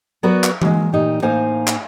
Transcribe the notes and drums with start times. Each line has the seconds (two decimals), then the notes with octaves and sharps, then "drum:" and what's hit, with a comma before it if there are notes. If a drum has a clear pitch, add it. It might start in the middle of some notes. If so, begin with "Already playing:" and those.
0.23 F#3 B3 F#4 A#4 B4 D5
0.44 drum: clap
0.62 G#3 A#3, drum: tom E3
0.93 A#2 D#4 G4
1.22 A2 A#3 D#4 C5 F5 G#5
1.67 drum: clap